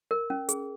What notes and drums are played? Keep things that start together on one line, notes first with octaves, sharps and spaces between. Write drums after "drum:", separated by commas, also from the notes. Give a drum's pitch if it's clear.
A#4
C#4
G#4, drum: hi-hat